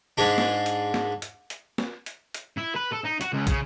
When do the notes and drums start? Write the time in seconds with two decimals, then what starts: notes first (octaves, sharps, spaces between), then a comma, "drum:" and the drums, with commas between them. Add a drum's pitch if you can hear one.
0.18 G#2 G#3 D4
0.38 drum: snare
0.66 drum: hi-hat
0.94 drum: snare
1.22 drum: hi-hat
1.50 drum: hi-hat
1.78 drum: snare
2.06 drum: hi-hat
2.34 drum: hi-hat
2.57 E4
2.75 B4
2.92 A4
3.04 D#4
3.21 F#4, drum: hi-hat
3.33 C#2
3.47 C#3, drum: kick, hi-hat